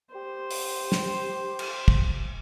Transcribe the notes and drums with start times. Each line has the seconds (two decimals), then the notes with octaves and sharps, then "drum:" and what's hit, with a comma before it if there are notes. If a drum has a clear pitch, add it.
0.15 G4 C5
0.51 drum: open hi-hat
0.92 drum: snare
1.59 drum: cymbal
1.88 drum: kick